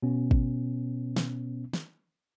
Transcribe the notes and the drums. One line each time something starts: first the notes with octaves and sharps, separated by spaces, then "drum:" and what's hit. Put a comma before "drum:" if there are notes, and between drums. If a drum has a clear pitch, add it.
B2 B3 C#4
drum: kick
drum: snare
drum: snare